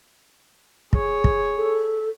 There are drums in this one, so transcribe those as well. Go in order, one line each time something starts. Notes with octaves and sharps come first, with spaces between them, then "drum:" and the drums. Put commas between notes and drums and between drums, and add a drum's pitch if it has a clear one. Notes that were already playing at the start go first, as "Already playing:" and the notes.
G#4 C#5, drum: kick
drum: kick
A4